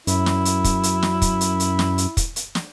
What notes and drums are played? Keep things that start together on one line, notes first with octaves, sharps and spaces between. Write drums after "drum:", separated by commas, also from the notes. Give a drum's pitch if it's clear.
F#2 E4, drum: hi-hat
drum: snare
drum: hi-hat
drum: kick, hi-hat
drum: hi-hat
drum: snare
drum: kick, hi-hat
drum: hi-hat
drum: hi-hat
drum: snare
drum: hi-hat
drum: kick, hi-hat
drum: hi-hat
drum: snare